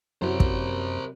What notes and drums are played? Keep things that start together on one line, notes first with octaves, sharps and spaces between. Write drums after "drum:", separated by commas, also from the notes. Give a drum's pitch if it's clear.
F#2 C3 F#3 E4 A#4 C5
drum: kick